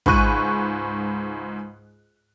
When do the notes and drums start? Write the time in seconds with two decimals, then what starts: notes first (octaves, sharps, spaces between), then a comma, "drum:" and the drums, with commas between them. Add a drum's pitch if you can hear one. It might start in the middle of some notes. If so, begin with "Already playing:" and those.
0.06 C#2 G#2 B5 C#6 F#6 D#7, drum: kick